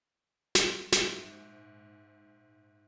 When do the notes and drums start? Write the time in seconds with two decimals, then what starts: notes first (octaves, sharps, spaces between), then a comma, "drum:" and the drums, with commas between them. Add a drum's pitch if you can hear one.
0.55 drum: snare
0.92 A#1 G#2, drum: snare